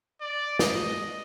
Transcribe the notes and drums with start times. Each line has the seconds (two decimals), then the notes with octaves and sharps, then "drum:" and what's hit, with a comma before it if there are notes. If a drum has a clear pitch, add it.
0.21 D5
0.59 D#5, drum: snare